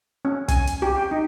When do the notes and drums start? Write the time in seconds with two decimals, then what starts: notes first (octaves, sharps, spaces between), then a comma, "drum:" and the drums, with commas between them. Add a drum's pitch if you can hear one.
0.25 C#4
0.48 G#5, drum: kick, hi-hat
0.67 drum: hi-hat
0.82 G4
0.96 G5
1.11 D#4